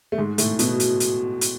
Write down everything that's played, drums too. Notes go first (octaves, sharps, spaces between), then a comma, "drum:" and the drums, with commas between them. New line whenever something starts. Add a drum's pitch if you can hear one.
A3
G#2 G#3
A2 A3, drum: hi-hat
B2 B3, drum: hi-hat
drum: hi-hat
drum: hi-hat
drum: hi-hat